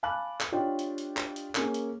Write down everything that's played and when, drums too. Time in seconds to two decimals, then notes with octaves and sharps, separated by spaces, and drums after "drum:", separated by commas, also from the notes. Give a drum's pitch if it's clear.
0.03 F5 G#5 A5 B5 D6 F#6
0.41 drum: clap
0.52 D4 F4 G4 C#5 D#5 G5
0.79 drum: hi-hat
0.98 drum: hi-hat
1.17 drum: clap
1.36 drum: hi-hat
1.55 A#3 C#4 G#4, drum: clap
1.74 drum: hi-hat